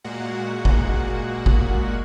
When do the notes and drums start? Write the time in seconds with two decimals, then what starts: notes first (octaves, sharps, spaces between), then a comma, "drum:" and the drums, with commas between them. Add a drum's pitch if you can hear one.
0.04 A#2 G#3 A#3 F#4 F#5
0.65 drum: kick
1.46 drum: kick